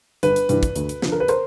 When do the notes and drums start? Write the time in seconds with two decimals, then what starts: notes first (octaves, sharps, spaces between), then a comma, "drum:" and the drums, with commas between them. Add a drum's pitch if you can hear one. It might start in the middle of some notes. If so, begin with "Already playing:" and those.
0.23 G1 B4, drum: hi-hat
0.36 drum: hi-hat
0.49 G2 E3, drum: hi-hat
0.63 drum: kick, hi-hat
0.76 D2, drum: hi-hat
0.89 drum: hi-hat
1.02 D3 F3, drum: snare
1.12 A#4
1.20 B4
1.28 A#4 C5, drum: hi-hat